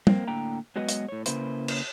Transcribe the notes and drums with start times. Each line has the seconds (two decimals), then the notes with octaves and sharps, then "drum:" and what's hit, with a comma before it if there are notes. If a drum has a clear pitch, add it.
0.07 A#3 C4, drum: tom
0.28 A2 D3 A#3 G5 A#5
0.76 F#3 G#3 B3 F#4 B4 D#5
0.89 drum: hi-hat
1.09 A2 C#5
1.26 C#3 A#3 E4 B4 C5, drum: hi-hat
1.68 drum: cymbal